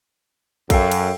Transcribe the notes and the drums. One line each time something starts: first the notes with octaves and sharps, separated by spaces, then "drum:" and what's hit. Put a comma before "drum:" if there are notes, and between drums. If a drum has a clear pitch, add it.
F#2 A4 F5 G5, drum: kick, cymbal
drum: cymbal